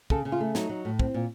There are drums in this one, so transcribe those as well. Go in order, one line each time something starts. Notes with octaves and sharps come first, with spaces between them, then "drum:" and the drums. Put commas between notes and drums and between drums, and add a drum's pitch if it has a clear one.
C#3 A4, drum: kick
C#3
F4
A3
F#3 D#4, drum: snare
F#3
A2
C4, drum: kick
A#2